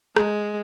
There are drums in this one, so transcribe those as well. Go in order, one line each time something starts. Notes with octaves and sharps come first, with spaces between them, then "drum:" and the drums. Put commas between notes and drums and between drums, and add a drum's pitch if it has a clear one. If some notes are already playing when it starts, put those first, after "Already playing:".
G#3, drum: rim click